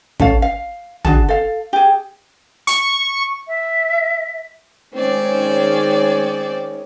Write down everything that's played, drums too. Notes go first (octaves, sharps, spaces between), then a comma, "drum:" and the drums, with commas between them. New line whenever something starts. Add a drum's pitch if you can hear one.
C#4 A4 F5, drum: kick
F5
D4 F#4 G#4 A5, drum: tom
A4 F5
G4 G#4
C#6, drum: hi-hat
E5
D#3 G#3 C4 C#4 D5